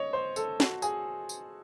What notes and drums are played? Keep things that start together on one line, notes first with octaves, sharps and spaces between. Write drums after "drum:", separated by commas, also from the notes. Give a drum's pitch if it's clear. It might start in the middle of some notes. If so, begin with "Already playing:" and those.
Already playing: C#5 D#5
C5
A4, drum: tambourine
F#4, drum: snare
G#4, drum: tambourine
drum: tambourine